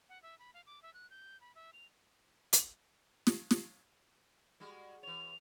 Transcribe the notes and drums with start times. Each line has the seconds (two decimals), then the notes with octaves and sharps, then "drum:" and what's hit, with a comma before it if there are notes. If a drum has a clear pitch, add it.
0.09 F#5
0.23 E5
0.39 B5
0.54 F5
0.66 D6
0.82 E5
0.94 F#6
1.10 G6
1.41 B5
1.55 E5
1.73 F7
2.53 drum: hi-hat
3.27 drum: snare
3.51 drum: snare
4.60 G3 G#3 F#4
5.03 E3 C#5 F7